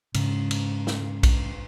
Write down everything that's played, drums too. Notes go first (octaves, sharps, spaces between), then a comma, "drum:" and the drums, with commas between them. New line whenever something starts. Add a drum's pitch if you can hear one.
G#2 C#3, drum: cymbal
drum: cymbal
drum: snare
drum: kick A#1, cymbal